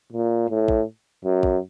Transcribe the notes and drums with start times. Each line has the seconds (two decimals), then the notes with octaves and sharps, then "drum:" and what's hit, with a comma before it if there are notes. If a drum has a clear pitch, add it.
0.13 A#2
0.49 A2
0.68 drum: kick
1.24 F#2
1.43 drum: kick